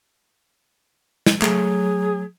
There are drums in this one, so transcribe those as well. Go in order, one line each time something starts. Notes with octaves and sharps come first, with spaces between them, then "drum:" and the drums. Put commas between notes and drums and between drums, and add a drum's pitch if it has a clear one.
drum: snare
F#3 A3 G#4, drum: clap